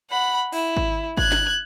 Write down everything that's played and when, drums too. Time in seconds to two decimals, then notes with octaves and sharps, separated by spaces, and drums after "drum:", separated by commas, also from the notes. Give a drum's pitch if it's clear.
0.10 F#5 B5
0.53 E4, drum: open hi-hat
0.77 drum: kick G#1
1.17 F#6 G#6, drum: kick G#1
1.32 drum: snare